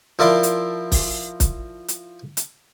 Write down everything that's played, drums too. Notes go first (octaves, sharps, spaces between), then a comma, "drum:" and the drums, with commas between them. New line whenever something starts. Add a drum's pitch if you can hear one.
F3 E4 A#4 D5 A5 C6
drum: hi-hat
drum: kick, open hi-hat
drum: kick, hi-hat
drum: hi-hat
drum: hi-hat